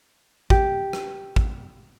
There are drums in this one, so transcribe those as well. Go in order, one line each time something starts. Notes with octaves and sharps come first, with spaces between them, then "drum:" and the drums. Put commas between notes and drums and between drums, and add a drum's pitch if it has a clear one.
G4, drum: kick
drum: rim click
drum: kick